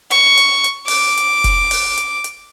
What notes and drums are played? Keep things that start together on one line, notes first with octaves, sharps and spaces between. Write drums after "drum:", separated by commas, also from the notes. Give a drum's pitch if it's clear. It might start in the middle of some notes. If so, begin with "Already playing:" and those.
C#6, drum: hi-hat
drum: hi-hat
drum: hi-hat
D6, drum: open hi-hat
drum: hi-hat
drum: kick F1, hi-hat
drum: open hi-hat
drum: hi-hat
drum: hi-hat